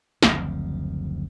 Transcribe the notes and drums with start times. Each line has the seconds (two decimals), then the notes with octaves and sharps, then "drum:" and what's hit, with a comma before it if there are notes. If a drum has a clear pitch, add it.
0.23 F#1 D2 F3 C4, drum: snare